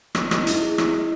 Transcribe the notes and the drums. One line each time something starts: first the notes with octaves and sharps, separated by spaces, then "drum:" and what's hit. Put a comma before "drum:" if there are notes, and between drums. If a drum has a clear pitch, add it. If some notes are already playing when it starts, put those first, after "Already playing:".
D#5, drum: rim click
E4, drum: rim click
E4, drum: hi-hat
G#4
E4, drum: rim click
D#5